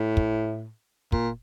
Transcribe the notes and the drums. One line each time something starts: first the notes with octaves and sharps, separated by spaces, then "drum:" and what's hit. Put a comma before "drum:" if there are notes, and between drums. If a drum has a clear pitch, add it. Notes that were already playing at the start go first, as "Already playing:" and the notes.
Already playing: A2
drum: kick
A#2, drum: kick